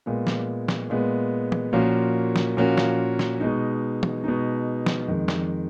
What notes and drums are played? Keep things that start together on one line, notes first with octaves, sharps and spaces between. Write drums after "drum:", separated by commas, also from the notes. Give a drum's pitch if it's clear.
A#2 G#3 B3
drum: snare
drum: snare
A#2 G#3 B3
drum: tom E3
A#2 F3 A#3 C#4 F#4
drum: snare
A#2 F3 A#3 C#4 F#4
drum: snare
drum: snare
B2 G#3 D#4
drum: tom E3
B2 G#3 D#4
drum: snare
F2 D#3 G#3
drum: snare